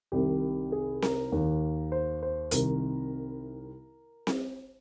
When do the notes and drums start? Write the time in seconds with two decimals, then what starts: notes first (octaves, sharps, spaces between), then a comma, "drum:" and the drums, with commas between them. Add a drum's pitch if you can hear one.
0.12 C2 C3 D#3 G4
0.72 G#4
1.02 A#4, drum: snare C4
1.32 D#2 D#3 A#4
1.92 C5
2.22 C5
2.51 C2 C3 D#3 A#4, drum: hi-hat
4.27 drum: snare C4